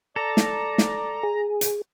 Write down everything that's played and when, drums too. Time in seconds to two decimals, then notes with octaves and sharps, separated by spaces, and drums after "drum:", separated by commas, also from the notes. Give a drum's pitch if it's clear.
0.16 A4 D5 A#5
0.37 drum: snare
0.78 drum: snare
1.23 G#4
1.61 drum: hi-hat